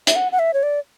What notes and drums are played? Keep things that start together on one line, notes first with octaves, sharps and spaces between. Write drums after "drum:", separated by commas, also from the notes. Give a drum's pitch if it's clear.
E5, drum: hi-hat
F#5
F#5
E5
C#5
D5